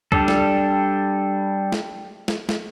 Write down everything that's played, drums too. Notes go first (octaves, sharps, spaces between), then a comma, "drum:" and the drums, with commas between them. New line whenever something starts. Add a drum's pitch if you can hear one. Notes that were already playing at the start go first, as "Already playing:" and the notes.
G3 D4 A4, drum: kick
drum: snare
drum: snare
drum: snare
drum: snare